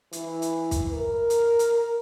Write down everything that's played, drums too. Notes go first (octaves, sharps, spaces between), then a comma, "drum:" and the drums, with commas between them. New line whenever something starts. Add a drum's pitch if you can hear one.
E3, drum: hi-hat
drum: hi-hat
drum: kick, hi-hat
A#4
drum: hi-hat
drum: hi-hat